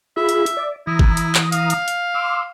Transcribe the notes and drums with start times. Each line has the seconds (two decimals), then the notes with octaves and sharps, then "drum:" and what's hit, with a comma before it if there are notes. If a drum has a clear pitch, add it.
0.17 F4 G#4 E5 B5
0.29 drum: hi-hat
0.46 drum: hi-hat
0.57 D5
0.87 E3 E4 A#5 D#6
0.99 drum: kick
1.17 drum: hi-hat
1.35 drum: clap
1.52 F5, drum: hi-hat
1.70 drum: hi-hat
1.88 drum: hi-hat
2.14 C6 D6 E6